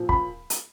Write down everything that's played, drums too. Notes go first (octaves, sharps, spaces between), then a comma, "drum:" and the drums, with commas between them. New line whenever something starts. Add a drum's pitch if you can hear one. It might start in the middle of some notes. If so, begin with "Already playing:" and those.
Already playing: A#2 F3
B5, drum: kick
drum: hi-hat